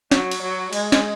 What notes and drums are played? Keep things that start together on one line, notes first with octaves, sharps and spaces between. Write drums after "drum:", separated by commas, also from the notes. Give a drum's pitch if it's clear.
F#3, drum: snare
drum: cymbal
F#3
G#3, drum: cymbal
drum: snare